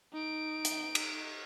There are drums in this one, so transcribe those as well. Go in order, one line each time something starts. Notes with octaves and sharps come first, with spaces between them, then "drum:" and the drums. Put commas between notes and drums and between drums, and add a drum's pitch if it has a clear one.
D#4 D7
drum: hi-hat
drum: cymbal